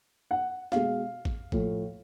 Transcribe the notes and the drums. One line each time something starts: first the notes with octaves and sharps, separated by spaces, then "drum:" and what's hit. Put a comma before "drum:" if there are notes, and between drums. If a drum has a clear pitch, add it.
F#5
B2 G#3 F5, drum: snare
drum: kick A1
A2 F3 A3, drum: kick A1